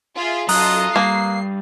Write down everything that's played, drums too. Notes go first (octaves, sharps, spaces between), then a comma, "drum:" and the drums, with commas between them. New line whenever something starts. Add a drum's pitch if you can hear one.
F4 G#4 E5
F#2 F4 A4 D#5 A#5 D#6 F#6, drum: open hi-hat
G2 A#3 C7